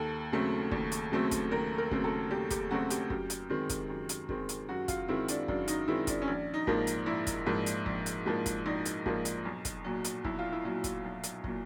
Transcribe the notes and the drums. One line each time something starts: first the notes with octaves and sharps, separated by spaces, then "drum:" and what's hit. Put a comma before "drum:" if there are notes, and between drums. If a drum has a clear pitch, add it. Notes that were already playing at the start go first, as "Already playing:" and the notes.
Already playing: D#2 A4
C#3 F#3 A3 C4
D#2, drum: kick
drum: hi-hat
C#3 F#3 A3 C4
drum: kick, hi-hat
D#2 A#4
A#4
C#3 F#3 A3 C4, drum: kick
A4
D#2 G4
G4, drum: kick, hi-hat
C#3 F#3 A3 C4 F#4
G4, drum: hi-hat
F#2 G4, drum: kick
drum: hi-hat
D#3 G#3 C4
drum: kick, hi-hat
F#2
drum: hi-hat
D#3 G#3 C4, drum: kick
drum: hi-hat
F#2 F#4
F4, drum: kick, hi-hat
D#3 G#3 C4 E4
D4, drum: hi-hat
F#2 D4, drum: kick
D#4, drum: hi-hat
D#3 G#3 C4 E4
D4, drum: kick, hi-hat
C#4
A#1 D4
D#4
G#2 F3 A#3, drum: kick
drum: hi-hat
A#1 E4
drum: kick, hi-hat
G#2 F3 A#3
drum: hi-hat
A#1, drum: kick
drum: hi-hat
G#2 F3 A#3
drum: kick, hi-hat
A#1 D#4
drum: hi-hat
G#2 F3 A#3, drum: kick
drum: hi-hat
B1
drum: kick, hi-hat
A#2 F#3
drum: hi-hat
B1 E4, drum: kick
F4
E4
A#2 F#3
drum: kick, hi-hat
B1
drum: hi-hat
A#2 F#3, drum: kick